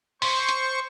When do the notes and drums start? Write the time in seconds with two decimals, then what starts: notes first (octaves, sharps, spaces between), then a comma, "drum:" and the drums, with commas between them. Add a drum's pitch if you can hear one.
0.22 C5 C6 C#6, drum: open hi-hat
0.49 drum: hi-hat